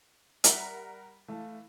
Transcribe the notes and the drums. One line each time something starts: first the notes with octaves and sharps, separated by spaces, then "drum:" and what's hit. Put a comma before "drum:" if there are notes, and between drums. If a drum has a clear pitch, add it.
G3 A#4 E5 F#5 A#5, drum: hi-hat
E3 A3 F5 A5